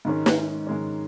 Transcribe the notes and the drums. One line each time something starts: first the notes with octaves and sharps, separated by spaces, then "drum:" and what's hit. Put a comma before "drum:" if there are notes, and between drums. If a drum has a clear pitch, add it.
G#2 D#3 G#3 C#4
drum: snare
G#2 D#3 G#3 C#4